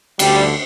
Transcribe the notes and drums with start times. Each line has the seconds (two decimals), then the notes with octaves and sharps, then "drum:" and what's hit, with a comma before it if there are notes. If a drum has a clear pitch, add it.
0.19 D2 D3 G3, drum: cymbal